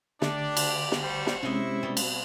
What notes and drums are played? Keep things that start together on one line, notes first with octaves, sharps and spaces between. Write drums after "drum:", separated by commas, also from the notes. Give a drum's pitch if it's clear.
D3 A3 D4 G4 D5, drum: snare
drum: cymbal
drum: snare
G3 C5 C#6
drum: snare
C3 G#3 C#4 E4 D#5
B2 G3
drum: cymbal